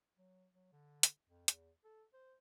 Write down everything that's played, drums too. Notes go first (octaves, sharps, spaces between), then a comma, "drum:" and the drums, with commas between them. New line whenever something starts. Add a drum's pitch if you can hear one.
F#3
F#3
D3
drum: hi-hat
F2
E2, drum: hi-hat
A4
C5